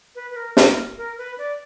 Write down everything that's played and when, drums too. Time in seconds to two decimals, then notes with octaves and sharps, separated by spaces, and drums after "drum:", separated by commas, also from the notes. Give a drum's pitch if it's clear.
0.15 B4
0.31 B4
0.36 A#4
0.57 A#4, drum: snare
0.98 A#4
1.18 B4
1.38 D5